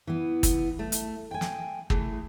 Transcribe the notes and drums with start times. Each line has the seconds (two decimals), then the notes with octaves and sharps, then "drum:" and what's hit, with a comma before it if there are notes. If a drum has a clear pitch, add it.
0.07 E3 B3
0.43 drum: kick, hi-hat
0.79 A3
0.92 drum: hi-hat
1.31 G5 G#5
1.41 drum: snare
1.90 E3 A3 G#4, drum: kick